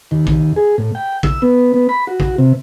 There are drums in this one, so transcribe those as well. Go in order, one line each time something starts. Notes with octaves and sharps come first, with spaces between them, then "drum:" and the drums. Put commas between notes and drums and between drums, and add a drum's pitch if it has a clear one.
D#2
drum: kick
G#4
A2
G5
E6, drum: kick
B3
B3
B5
F#4
drum: kick
C3